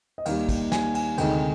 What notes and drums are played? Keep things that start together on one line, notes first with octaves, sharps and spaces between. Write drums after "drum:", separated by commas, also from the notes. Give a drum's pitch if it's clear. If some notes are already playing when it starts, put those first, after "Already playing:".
D#5
D#2 D#3 G3 F5, drum: cymbal
drum: kick, cymbal
G#5, drum: snare
G#5, drum: cymbal
D2 C3 D#3 G#3 G5, drum: cymbal